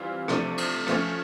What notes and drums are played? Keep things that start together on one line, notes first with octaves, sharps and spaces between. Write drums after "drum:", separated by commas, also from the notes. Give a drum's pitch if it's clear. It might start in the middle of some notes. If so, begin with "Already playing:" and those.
Already playing: E3 G3 C4 F4
C3 F3 A3 D4, drum: rim click
drum: cymbal
F3 A3 C#4, drum: rim click